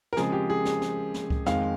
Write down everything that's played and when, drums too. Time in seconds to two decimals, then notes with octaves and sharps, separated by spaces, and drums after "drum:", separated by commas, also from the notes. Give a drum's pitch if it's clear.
0.13 A#4
0.17 C#3 F3 G#3 C4 G#4, drum: snare
0.32 G4
0.50 G#4
0.65 drum: snare
0.82 drum: snare
1.14 drum: snare
1.30 drum: kick C#2
1.46 F2 D#3 G#3 C4 F5, drum: snare